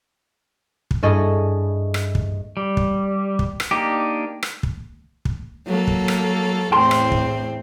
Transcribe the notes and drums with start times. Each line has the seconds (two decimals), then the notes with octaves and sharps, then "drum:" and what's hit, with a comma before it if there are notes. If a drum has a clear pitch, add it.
0.91 drum: kick
1.03 G2 E4 G#4 A4 D#5 C#6
1.94 drum: rim click
2.15 drum: kick
2.57 G3
2.77 drum: kick
3.39 drum: kick
3.60 drum: rim click
3.71 A#3 D4 D#4 G4
4.43 drum: rim click
4.63 drum: kick
5.25 drum: kick
5.67 F#3 A#3 A4
5.87 drum: kick
6.08 drum: rim click
6.72 E2 A2 C4 G5 A5 C6
6.91 drum: rim click
7.12 drum: kick